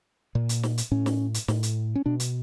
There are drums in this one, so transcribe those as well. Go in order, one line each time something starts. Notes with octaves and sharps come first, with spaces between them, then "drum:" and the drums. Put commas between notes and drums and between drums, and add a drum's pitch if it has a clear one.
A#2
drum: hi-hat
drum: snare
drum: hi-hat
A2 C#4
drum: snare
drum: hi-hat
A2, drum: snare
drum: hi-hat
C#4
B2 D4
drum: hi-hat